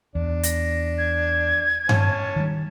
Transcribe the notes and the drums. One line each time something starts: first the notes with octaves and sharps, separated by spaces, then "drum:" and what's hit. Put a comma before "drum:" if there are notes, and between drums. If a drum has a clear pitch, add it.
E2 D4
A#6, drum: hi-hat
G#6
C#4 C#5 A5, drum: tom G2
D#3 G3